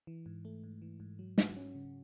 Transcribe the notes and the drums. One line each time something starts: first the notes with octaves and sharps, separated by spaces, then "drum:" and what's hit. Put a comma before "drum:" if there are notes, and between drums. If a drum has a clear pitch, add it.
E3
G#2
A3
G#2
E3
G#2
F#3
F#4, drum: snare
C#4
C#3